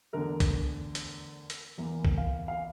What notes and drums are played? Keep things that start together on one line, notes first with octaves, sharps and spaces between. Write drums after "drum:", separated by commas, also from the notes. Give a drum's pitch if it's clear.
E2 D3 A3 A#4
drum: kick, hi-hat
drum: hi-hat
drum: hi-hat
E2 E3 A#3
drum: kick
F5
F5